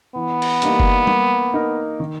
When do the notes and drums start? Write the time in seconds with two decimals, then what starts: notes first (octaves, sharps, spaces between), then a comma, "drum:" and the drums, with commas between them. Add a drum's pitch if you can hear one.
0.15 E3 B3
0.42 drum: cymbal
0.62 G3 A#3 D#4, drum: hi-hat
0.80 drum: kick F#1
1.07 A#3, drum: tom G3
1.54 D#4 A#4
2.00 D#3